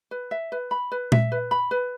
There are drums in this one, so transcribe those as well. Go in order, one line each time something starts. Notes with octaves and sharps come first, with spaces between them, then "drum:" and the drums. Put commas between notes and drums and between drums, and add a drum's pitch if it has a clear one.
B4
E5
B4
B5
B4
E5, drum: tom A#2
B4
B5
B4